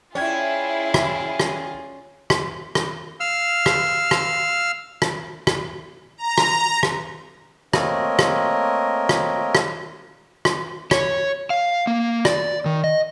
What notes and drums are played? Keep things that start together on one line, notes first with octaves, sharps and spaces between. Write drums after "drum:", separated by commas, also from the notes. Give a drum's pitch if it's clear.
C#4 E4 F4 G#4 D5 E5 G5 G#6
drum: rim click
drum: rim click
drum: rim click
drum: rim click
F5 E6 F6
drum: rim click
drum: rim click
drum: rim click
drum: rim click
A#5
drum: rim click
drum: rim click
A3 A#3 C4 A#4 C#5 D#5, drum: rim click
drum: rim click
drum: rim click
drum: rim click
drum: rim click
C#5, drum: rim click
F5
A#3
D5, drum: rim click
D#3
D#5